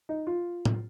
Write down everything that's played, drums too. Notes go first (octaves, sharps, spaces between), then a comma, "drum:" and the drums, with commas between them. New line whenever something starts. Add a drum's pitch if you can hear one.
D#4
F4
drum: tom